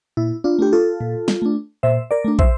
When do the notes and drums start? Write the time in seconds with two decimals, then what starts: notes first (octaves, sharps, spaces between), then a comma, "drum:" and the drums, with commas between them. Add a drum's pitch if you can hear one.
0.17 A#2 E4
0.44 D4 F4
0.59 A3 D4 G4
0.73 F4 A4
1.01 A#2
1.28 drum: snare
1.42 A3 D4
1.83 A#2 C5 E5
2.11 A#4 D5
2.25 A3 D4
2.39 C5 E5, drum: kick